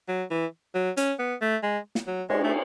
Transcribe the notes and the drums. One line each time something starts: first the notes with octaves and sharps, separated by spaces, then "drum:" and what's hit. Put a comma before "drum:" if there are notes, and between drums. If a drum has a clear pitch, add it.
F#3
E3
F#3
C#4, drum: hi-hat
B3
A3
G#3
drum: snare
F#3
G#3, drum: cymbal
A3